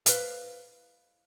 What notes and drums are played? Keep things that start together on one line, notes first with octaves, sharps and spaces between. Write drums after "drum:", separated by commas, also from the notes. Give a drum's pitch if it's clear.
B4 F5, drum: hi-hat